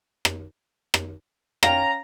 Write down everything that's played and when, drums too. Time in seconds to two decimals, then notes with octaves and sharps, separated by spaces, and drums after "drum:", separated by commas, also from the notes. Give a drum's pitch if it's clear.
0.25 drum: rim click
0.94 drum: rim click
1.63 C#4 F5 G5 A#5, drum: rim click